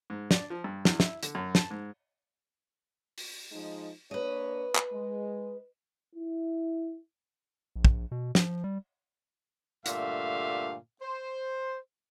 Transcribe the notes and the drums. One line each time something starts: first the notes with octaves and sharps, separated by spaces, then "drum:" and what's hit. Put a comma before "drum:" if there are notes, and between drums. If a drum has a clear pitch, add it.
G#2
D4, drum: snare
F3
G2
E2, drum: snare
E4, drum: snare
D3, drum: hi-hat
F#2
A5, drum: snare
G#2
drum: open hi-hat
F3 G#3 D#4
A#3 D4 B4 C#5 D#5
drum: clap
G#3
E4
A#1
drum: kick
B2
F3, drum: snare
G3
G2 A#2 D3 A3 E5 F5, drum: hi-hat
C5